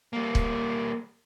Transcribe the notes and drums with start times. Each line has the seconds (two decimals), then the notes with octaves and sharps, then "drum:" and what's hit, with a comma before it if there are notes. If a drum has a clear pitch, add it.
0.13 G3 A#3
0.35 drum: kick